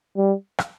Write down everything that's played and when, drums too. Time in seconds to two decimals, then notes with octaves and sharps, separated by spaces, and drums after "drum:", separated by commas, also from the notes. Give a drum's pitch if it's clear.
0.17 G3
0.58 drum: rim click